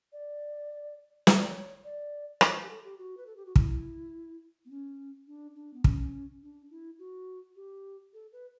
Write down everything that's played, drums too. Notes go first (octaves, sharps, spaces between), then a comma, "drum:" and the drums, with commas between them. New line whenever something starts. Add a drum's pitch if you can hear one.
D5
C#5, drum: snare
D5
C#5
D5
C#5, drum: rim click
B4
G4
A4
G4
F#4
B4
A4
G4
F#4
E4, drum: kick
B3
C#4
D4
D4
B3
C#4, drum: kick
D4
E4
F#4
G4
A4
B4